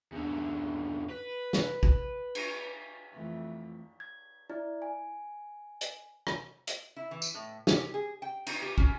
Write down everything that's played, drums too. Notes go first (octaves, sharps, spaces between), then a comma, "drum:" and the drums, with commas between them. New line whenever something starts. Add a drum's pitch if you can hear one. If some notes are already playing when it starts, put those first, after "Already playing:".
E2 D3
B4
drum: snare
drum: kick
drum: cymbal
F2 E3 A3
G#6
E4 D5
G#5
drum: hi-hat
drum: rim click
drum: hi-hat
E4
E3
drum: tambourine
A2
G4, drum: snare
G#4
G5
D#4, drum: cymbal
G4
C#4, drum: kick